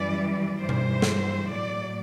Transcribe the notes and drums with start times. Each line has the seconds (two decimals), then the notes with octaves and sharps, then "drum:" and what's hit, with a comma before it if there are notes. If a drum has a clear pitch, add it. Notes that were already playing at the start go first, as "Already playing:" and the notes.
Already playing: F#2 E3 G3 D5
0.59 G2 E3 G3 C5
0.69 drum: tom B2
1.02 drum: snare
1.50 A2 F#3 D5